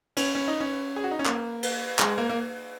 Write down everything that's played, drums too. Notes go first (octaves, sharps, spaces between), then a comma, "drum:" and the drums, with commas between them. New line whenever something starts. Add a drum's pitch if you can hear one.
C#4, drum: cymbal
C#4
D#4
C#4
G#4
F#4
D#4
C#4
A#3, drum: clap
drum: cymbal
G#3, drum: clap
A#3
A#3